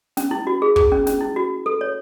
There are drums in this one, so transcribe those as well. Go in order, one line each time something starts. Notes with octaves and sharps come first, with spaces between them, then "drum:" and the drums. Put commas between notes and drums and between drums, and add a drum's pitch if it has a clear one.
C#4, drum: snare
E4
F#4
G#4
G#4, drum: kick
C#4
C#4, drum: snare
E4
F#4
A4
C#5